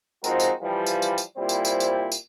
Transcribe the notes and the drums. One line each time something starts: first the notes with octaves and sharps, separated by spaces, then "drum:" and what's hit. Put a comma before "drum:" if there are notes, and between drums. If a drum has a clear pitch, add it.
F3 G#3 C4 D#4 F#4 A#4, drum: tambourine
drum: tambourine
E3 F3 G3
drum: tambourine
drum: tambourine
drum: tambourine
A#2 G3 C4 E4 G4 C5
drum: tambourine
drum: tambourine
drum: tambourine
drum: tambourine